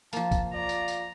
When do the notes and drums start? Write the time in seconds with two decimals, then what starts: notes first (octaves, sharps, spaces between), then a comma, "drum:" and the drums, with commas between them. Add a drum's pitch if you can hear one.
0.13 F3 A#3 A5, drum: tambourine
0.31 drum: kick, tambourine
0.54 F4 D5 A#5
0.69 drum: tambourine
0.88 drum: tambourine